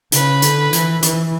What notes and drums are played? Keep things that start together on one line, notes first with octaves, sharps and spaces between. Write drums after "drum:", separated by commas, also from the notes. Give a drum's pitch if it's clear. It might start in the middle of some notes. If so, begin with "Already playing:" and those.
C#3 B4, drum: hi-hat
D3, drum: hi-hat
E3, drum: hi-hat
E3, drum: hi-hat